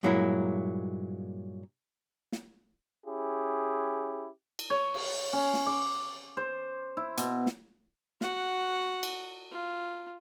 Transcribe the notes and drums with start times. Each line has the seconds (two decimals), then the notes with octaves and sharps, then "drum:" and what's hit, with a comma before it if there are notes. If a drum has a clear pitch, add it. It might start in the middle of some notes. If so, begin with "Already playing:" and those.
0.03 G2 A#2 F#3 G#3 A#3 E4
2.32 drum: snare
3.06 C#4 E4 G4 G#4
4.59 drum: cymbal
4.70 C#5
4.94 drum: cymbal
5.33 C#4
5.54 drum: snare
5.66 D6
6.37 C5
6.97 E4
7.17 B2, drum: hi-hat
7.46 drum: snare
8.21 F#4 F#5, drum: snare
9.03 drum: cymbal
9.51 F4